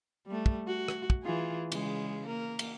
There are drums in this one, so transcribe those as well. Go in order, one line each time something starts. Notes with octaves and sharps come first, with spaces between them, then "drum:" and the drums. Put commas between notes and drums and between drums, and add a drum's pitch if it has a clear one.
G3 A3
drum: kick
F#4
drum: rim click
drum: kick
E3 F4 G#4
C#3 G#3, drum: cymbal
A#3 A#4
drum: cymbal